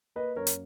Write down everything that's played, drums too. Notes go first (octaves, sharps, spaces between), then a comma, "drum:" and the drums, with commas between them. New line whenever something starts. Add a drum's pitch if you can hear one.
A#3 B4 D#5
F#2 A#4 C#5
drum: hi-hat